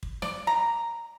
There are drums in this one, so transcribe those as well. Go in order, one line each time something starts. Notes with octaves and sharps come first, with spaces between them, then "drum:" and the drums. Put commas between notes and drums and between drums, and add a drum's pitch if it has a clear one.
drum: kick
D5, drum: snare
A#5